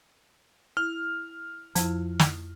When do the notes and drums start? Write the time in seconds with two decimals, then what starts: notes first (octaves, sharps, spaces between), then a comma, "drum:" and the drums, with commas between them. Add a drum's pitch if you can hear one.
0.77 E4 F6
1.75 F2 F3 E4, drum: hi-hat
2.19 drum: snare